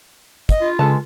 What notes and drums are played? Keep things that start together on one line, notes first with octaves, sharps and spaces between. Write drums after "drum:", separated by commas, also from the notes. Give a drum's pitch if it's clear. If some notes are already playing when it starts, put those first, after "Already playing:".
D#5, drum: kick, hi-hat
F4
C#3 G#3 A4 B4 A5